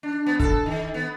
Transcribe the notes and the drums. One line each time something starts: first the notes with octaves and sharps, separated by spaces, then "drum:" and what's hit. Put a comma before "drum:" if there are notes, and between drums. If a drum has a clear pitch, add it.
D4
B3
A4, drum: kick
D#3
B3